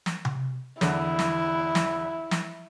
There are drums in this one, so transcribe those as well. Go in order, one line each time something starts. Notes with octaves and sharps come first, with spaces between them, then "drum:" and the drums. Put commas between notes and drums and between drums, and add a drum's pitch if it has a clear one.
drum: snare
drum: tom C3
E2 D3 E4, drum: snare
drum: snare
drum: snare
drum: snare